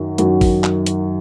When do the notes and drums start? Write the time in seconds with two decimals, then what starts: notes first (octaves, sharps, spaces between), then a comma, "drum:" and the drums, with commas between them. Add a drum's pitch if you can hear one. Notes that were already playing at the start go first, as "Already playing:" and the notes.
Already playing: F#2 D#3 F#3
0.18 F#2 D#3 F#3, drum: hi-hat
0.41 drum: kick G#1, open hi-hat
0.64 drum: clap
0.86 drum: hi-hat